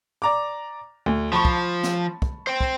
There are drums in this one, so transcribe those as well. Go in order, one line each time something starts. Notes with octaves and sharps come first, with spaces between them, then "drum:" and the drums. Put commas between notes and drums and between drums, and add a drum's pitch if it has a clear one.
D5 A#5 D6
D2
F3 A5 B5 C#6
drum: kick
drum: snare
drum: kick
C5 G5
drum: kick